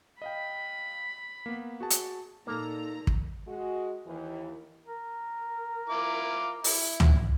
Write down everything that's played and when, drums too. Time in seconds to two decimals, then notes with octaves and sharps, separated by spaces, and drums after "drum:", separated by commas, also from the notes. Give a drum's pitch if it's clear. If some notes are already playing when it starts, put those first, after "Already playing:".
0.22 D#5 F5 G5 B5
1.46 A#3 B3
1.80 F#4 G#4 A5
1.90 drum: hi-hat
2.47 A#2 A#3 D#4 A4 A#5
3.07 drum: kick
3.47 G#3 F#4
4.06 D#2 E3
4.86 A#4
5.89 E4 F4 D6
6.64 E4, drum: open hi-hat
7.00 drum: tom C#2